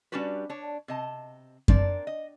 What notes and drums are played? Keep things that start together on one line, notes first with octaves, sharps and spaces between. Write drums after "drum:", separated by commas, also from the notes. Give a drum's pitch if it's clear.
G3 C#4 D4 F#4 G4 B4
D4 C#5
C3 D#5 A5
C4 D4 A#4 D5, drum: kick F#2
D#5